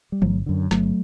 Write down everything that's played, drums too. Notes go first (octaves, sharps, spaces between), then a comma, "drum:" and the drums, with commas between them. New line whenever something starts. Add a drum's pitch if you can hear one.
G3
G1 F#3 A3, drum: tom E3
F#2 D3
G1 F#3 A3, drum: snare